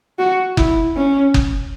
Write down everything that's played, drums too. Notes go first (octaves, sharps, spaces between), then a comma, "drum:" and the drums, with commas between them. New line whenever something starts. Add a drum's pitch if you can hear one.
F#4
E4, drum: kick F#1
C#4
drum: kick F#1